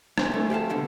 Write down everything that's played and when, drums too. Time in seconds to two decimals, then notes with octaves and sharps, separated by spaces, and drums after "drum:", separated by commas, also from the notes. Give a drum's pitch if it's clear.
0.18 C2 D4 C5 G#5, drum: rim click
0.32 F2 A3
0.50 G4 A4 F5 A5
0.69 C#2 B2 D3